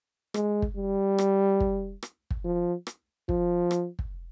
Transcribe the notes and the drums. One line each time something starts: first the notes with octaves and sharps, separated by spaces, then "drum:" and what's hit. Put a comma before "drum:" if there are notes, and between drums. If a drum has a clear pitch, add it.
G#3, drum: rim click
drum: kick
G3
drum: rim click
drum: kick
drum: rim click
drum: kick
F3
drum: rim click
F3, drum: kick
drum: rim click
drum: kick